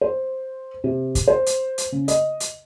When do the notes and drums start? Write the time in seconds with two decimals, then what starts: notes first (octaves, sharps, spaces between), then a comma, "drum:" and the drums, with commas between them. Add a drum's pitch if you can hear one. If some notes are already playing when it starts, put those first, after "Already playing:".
0.01 C5
0.84 C3
1.15 drum: kick, hi-hat
1.28 C5
1.46 drum: hi-hat
1.78 drum: hi-hat
1.92 C#3
2.08 D#5, drum: hi-hat
2.40 drum: hi-hat